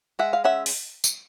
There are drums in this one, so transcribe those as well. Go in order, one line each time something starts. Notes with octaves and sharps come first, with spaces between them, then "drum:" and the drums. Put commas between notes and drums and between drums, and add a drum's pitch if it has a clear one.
G#3 E5 F#5
F5
C#4 E5 F#5
drum: open hi-hat
drum: tambourine